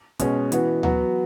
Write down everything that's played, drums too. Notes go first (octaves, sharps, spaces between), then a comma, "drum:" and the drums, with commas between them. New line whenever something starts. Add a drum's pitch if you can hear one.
B2 G#3 C#4, drum: kick, hi-hat
E3 B3 F#4, drum: hi-hat
F#3 B3 F#4, drum: tom D2